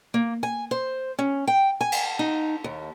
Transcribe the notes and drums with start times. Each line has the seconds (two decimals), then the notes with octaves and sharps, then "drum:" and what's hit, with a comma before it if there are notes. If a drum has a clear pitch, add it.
0.14 A#3
0.43 G#5
0.71 C5
1.19 C#4
1.47 G5
1.81 G#5
1.92 drum: cymbal
2.19 D#4
2.64 D#2